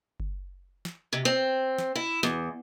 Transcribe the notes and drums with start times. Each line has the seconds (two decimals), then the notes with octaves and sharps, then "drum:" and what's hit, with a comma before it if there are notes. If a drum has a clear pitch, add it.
0.20 drum: kick F#1
0.85 drum: snare
1.13 C3
1.25 C4
1.78 drum: snare
1.96 E4
2.23 E2, drum: snare